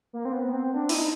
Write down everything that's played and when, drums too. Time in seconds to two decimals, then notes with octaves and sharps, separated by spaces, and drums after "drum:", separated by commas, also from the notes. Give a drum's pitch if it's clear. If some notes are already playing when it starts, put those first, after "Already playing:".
0.13 A#3
0.25 C4
0.33 B3
0.53 C4
0.74 D4
0.89 E4, drum: open hi-hat
0.94 D#4